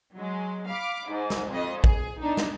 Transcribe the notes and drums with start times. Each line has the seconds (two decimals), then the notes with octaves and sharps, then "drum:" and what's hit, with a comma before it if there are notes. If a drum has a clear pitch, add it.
0.17 F#3 G#3
0.69 F5 B5 D6
1.09 G#2
1.30 drum: snare
1.50 F2 D#5
1.84 G#4, drum: kick
2.21 B3 D4 D#4
2.37 drum: snare